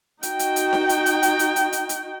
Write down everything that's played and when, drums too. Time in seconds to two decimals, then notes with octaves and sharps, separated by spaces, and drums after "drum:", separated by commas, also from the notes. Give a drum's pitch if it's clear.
0.23 D#4 F#4 G5, drum: hi-hat
0.39 drum: hi-hat
0.56 drum: hi-hat
0.73 drum: snare D#4
0.89 drum: hi-hat
1.06 drum: hi-hat
1.23 drum: hi-hat
1.39 drum: hi-hat
1.56 drum: hi-hat
1.73 drum: hi-hat
1.89 drum: hi-hat